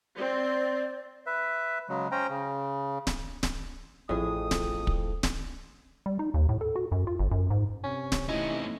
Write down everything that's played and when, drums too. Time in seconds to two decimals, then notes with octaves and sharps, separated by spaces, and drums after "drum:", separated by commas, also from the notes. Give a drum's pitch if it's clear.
0.18 C4 D5
1.26 B4 E5
1.89 C#3 F#3 G#3
2.12 C#4 C5 G5 A#5
2.30 C#3
3.07 drum: snare D1
3.43 drum: snare D1
4.09 A1 F2 A2 G#4 D#6
4.51 drum: snare D1
4.87 drum: kick
5.23 drum: snare D1
6.06 G3
6.19 D#4
6.34 D#2
6.49 A2
6.61 A4
6.76 F#4
6.92 F#2
7.07 F4
7.19 G1
7.31 F#2
7.50 G#2
7.84 C3 C#4
8.12 drum: snare D1
8.29 A3 C4 C#4 D#4 E4 D#5